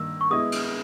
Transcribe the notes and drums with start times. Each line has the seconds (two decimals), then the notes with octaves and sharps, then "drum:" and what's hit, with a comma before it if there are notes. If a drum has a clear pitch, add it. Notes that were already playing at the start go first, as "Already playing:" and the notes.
Already playing: G2 D#3 A#3 E6
0.21 C#6
0.31 G#3 B3 E4 G#4 D#5 D#6
0.52 drum: cymbal